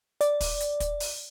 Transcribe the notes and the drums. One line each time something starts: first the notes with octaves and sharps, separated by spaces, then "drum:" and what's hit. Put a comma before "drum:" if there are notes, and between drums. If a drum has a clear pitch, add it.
D5, drum: hi-hat
drum: kick, open hi-hat
drum: hi-hat
drum: kick, hi-hat
drum: open hi-hat